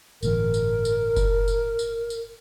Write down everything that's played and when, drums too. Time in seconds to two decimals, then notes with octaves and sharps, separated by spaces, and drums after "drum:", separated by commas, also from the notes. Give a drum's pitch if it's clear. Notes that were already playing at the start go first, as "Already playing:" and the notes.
0.23 G1 A2 E3 A#4, drum: tambourine
0.54 drum: tambourine
0.85 drum: tambourine
1.16 drum: kick F#1, tambourine
1.48 drum: tambourine
1.79 drum: tambourine
2.10 drum: tambourine